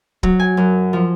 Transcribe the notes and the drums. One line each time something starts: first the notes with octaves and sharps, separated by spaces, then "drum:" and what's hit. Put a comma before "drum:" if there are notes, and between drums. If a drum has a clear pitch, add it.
F#3, drum: kick
G#5
F#2
F3